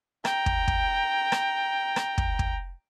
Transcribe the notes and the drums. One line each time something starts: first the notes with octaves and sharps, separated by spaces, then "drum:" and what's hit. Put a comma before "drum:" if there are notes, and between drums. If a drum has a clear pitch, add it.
G5 A#5, drum: rim click
drum: kick
drum: kick
drum: rim click
drum: rim click
drum: kick
drum: kick